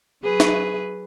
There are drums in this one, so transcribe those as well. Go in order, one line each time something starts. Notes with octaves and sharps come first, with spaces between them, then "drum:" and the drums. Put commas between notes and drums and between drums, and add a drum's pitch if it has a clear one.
F#3 G#4 B4
drum: snare